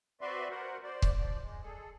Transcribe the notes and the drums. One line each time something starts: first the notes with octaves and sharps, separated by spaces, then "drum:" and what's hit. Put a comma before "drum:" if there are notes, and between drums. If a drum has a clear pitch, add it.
C4 F#4 B4 D5 E5 C6
F#4 A#4 C5 F#5
C5 D5
drum: kick C#1
F3 D5
G#3
G#4 A4